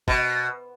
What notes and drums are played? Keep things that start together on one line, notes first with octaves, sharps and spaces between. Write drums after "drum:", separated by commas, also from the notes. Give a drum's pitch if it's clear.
B2, drum: kick G1